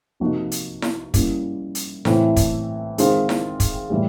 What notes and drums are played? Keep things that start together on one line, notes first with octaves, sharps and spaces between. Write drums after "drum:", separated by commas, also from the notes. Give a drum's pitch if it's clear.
C3 F3 A#3 D#4 F#4
drum: hi-hat
drum: snare E4
G3 A#3 C#4 E4, drum: kick, hi-hat
drum: hi-hat
A2 E3 A3 C4 E4, drum: snare E4
drum: kick, hi-hat
D#3 G#3 C4 F4, drum: hi-hat
drum: snare E4
drum: kick, hi-hat
A2 E3 G3